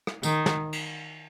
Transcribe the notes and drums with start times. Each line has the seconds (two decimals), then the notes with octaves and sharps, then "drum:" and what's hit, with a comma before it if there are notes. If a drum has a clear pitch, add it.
0.07 drum: rim click
0.23 D#3, drum: tambourine
0.46 drum: snare
0.72 drum: cymbal